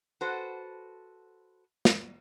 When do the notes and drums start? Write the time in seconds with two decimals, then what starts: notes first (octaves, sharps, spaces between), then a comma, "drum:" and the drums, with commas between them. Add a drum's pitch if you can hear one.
0.21 F#4 A4 B4 C5
1.85 drum: snare